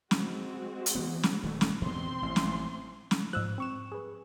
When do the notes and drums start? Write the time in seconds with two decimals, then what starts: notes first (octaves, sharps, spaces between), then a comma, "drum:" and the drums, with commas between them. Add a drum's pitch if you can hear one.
0.11 G#3 C4 F#4, drum: snare
0.86 drum: hi-hat
0.95 E3 F3 B3
1.23 drum: snare
1.43 D#1 D#3 A3
1.61 drum: snare
1.81 E2 G2 B2 C4 C6
2.22 A1
2.36 drum: snare
3.11 drum: snare
3.33 G#2 F3 E6 F#6
3.58 C4 C#6 E7
3.92 G#4 B4